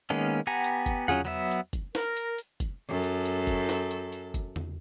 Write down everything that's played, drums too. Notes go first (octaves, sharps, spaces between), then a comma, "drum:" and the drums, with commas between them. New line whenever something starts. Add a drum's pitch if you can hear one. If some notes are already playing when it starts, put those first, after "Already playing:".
D#3 G#3 A#3 B3 C#4
B3 G4 F#5 G#5 A#5
drum: hi-hat
drum: kick, hi-hat
F#3 C#4 F4 G#4 F#5, drum: tom E2
F#3 B3 E5
drum: hi-hat
drum: kick, hi-hat
A#4, drum: snare
drum: hi-hat
drum: hi-hat
drum: kick, hi-hat
F#2 A4
drum: hi-hat
drum: hi-hat
drum: kick, hi-hat
drum: snare
drum: hi-hat
drum: hi-hat
drum: kick, hi-hat
drum: tom E2